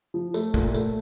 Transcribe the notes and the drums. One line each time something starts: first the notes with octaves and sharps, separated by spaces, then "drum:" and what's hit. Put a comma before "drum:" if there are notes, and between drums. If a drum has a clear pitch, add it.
F3
A3, drum: tambourine
A#2, drum: kick
A3, drum: tambourine